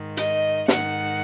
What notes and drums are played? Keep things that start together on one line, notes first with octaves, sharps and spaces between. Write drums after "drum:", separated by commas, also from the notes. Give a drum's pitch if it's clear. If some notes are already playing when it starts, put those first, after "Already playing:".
Already playing: G#2 D#3
D#5, drum: hi-hat
G#2 D#3 F#5, drum: snare